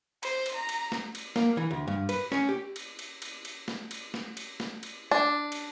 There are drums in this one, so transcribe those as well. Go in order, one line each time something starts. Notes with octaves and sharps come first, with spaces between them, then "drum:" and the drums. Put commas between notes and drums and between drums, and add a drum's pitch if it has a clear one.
C5, drum: cymbal
drum: cymbal
A#5
drum: cymbal
drum: snare
drum: cymbal
A#3, drum: snare
E3
D2
G2
B4, drum: cymbal
C#4, drum: snare
G4
drum: cymbal
drum: cymbal
drum: cymbal
drum: cymbal
drum: snare
drum: cymbal
drum: snare
drum: cymbal
drum: snare
drum: cymbal
D4
drum: cymbal